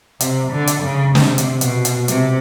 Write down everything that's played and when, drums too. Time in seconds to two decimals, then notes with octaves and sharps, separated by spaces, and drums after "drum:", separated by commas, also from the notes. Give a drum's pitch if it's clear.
0.20 C3, drum: hi-hat
0.52 D3
0.67 drum: hi-hat
0.83 C#3
1.15 C3, drum: snare
1.38 drum: hi-hat
1.61 B2, drum: hi-hat
1.85 drum: hi-hat
2.08 C3, drum: hi-hat